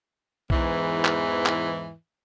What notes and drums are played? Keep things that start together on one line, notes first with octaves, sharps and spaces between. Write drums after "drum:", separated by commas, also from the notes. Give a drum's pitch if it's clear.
E2 G#2 E3, drum: kick B1
drum: clap
drum: clap